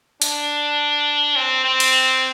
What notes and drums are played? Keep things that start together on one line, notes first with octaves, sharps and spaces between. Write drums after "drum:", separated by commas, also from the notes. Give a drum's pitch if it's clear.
D4, drum: hi-hat
C4
C4
drum: cymbal